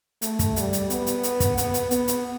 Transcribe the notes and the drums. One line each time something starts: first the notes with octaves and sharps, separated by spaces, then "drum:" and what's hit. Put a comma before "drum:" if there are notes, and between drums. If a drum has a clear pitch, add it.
A3, drum: hi-hat
drum: kick, hi-hat
G3, drum: hi-hat
drum: hi-hat
B3, drum: hi-hat
drum: hi-hat
drum: hi-hat
drum: kick, hi-hat
B3, drum: hi-hat
drum: hi-hat
B3, drum: hi-hat
drum: hi-hat